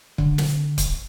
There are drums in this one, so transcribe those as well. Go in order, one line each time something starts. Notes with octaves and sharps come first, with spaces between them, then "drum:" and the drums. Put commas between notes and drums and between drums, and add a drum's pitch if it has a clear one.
D3, drum: kick C#1
drum: snare
drum: kick C#1, hi-hat